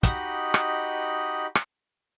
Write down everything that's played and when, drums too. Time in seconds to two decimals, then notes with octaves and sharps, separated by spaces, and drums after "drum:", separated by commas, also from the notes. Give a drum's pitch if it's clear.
0.03 D#4 F#4 G4 D#5 B5, drum: kick, hi-hat
0.54 drum: rim click
1.55 drum: rim click